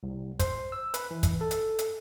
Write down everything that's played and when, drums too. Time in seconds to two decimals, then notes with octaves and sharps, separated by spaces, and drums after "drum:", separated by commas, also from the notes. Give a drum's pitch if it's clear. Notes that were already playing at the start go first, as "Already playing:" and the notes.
0.03 C2
0.39 C5, drum: kick, hi-hat
0.72 E6
0.94 B4, drum: hi-hat
1.11 E3
1.23 drum: kick, hi-hat
1.41 A4
1.51 drum: hi-hat
1.79 drum: hi-hat